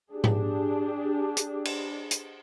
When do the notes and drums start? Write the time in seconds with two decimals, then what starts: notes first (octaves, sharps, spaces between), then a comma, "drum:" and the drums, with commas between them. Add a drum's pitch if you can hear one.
0.11 D4 G4 G#4
0.24 drum: tom G#2
1.37 drum: hi-hat
1.65 drum: cymbal
2.11 drum: hi-hat